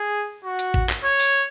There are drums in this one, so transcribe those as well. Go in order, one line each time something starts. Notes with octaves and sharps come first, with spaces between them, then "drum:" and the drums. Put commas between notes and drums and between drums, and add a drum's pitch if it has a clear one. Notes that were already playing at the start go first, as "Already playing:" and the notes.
Already playing: G#4
F#4
drum: hi-hat
drum: kick G#1
drum: clap
C#5
drum: open hi-hat